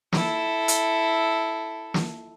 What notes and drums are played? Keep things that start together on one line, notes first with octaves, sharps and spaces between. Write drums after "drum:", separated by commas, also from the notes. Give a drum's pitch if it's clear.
E4 A4, drum: snare
drum: hi-hat
drum: snare